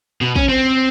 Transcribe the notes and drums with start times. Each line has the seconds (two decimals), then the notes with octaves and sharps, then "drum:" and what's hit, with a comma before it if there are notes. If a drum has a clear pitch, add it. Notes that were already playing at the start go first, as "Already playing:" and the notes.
0.21 B2
0.36 C#4, drum: kick
0.49 C4